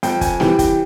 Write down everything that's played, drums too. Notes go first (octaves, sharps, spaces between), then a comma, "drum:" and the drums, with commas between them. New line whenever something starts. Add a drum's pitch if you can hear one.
F2 G5, drum: hi-hat
G#5, drum: kick, hi-hat
C3 E3 G3 G5, drum: snare
G5, drum: kick, hi-hat